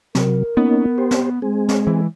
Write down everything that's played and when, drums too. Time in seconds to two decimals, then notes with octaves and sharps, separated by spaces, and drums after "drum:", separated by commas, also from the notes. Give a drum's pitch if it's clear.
0.15 C3 F#3 A#4, drum: snare
0.57 A#3 B3 C#4 D#4
0.98 G4 C5
1.11 drum: snare
1.42 G#3 C4 G#4
1.69 drum: snare
1.87 E3